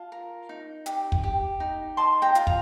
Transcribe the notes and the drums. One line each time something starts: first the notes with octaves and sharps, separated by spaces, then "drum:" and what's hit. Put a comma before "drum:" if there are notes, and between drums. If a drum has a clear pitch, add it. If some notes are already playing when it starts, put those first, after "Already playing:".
Already playing: F4 A5
A#4
D#4
G4, drum: hi-hat
drum: kick
G4
D#4
D#5 A5 C6
G5 A#5
F4, drum: hi-hat
A#5, drum: kick